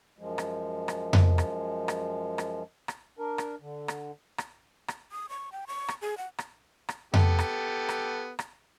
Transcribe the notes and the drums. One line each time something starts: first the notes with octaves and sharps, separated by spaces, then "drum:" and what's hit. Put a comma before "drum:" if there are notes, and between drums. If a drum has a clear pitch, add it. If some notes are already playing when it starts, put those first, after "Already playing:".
F#2 F3 G#3
drum: rim click
drum: rim click
drum: tom F2
drum: rim click
drum: rim click
drum: rim click
drum: rim click
D4 A#4
drum: rim click
D3
drum: rim click
drum: rim click
drum: rim click
D#6
C#6
G5
C#6
drum: rim click
G#4
F#5
drum: rim click
drum: rim click
B3 G4 A4, drum: tom F2
drum: rim click
drum: rim click
drum: rim click